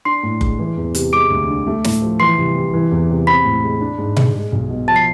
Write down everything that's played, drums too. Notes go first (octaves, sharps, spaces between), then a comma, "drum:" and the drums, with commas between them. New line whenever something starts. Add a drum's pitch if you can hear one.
D4 C6 C7
A2
G#3, drum: kick F#1
E3
E2
C3, drum: hi-hat
G#3 D6 D7
D2
D3
A3
A2, drum: snare
F3
E3 C6 C7
C2
C3
E3
E2
C3
C4 B5 B6
A2
G#3
D4
G#2
G#3, drum: tom A#2
G#3
B1
B2
F3 A5 A6
C7